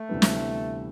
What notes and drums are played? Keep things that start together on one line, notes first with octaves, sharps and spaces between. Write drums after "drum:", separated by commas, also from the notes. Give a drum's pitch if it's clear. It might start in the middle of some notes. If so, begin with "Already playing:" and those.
Already playing: A3
D2 C3 E3 G3 B3
drum: snare